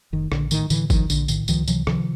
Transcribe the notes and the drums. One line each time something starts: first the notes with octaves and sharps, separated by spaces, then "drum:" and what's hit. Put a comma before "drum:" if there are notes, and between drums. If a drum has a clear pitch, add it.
F1 D#3
A#1 D3, drum: rim click
A2 D#3, drum: tambourine
A2 D3 E3, drum: tambourine
A#1 D#3 F3, drum: kick G1, tambourine
A#1 D3, drum: tambourine
A2 D#3, drum: tambourine
C#2 D#3 F3, drum: tambourine
C3 E3 F#3, drum: tambourine
C3 D#3 F3, drum: rim click